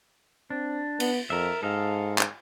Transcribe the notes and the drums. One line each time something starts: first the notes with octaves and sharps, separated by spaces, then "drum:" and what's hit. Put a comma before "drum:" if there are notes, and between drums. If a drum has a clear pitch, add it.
C4 D4
B3, drum: cymbal
F2 A#4 E5
G#2 A4 D#5 F5
drum: clap